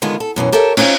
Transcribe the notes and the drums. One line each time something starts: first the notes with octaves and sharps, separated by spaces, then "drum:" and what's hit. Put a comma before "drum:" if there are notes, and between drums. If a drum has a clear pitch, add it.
D3 D#3 G#3 B3 F4
A4
F#2 B2 E3 C#4
G4 A4 A#4 C#5 E5
C#4 D#4 F4 C5 F5, drum: cymbal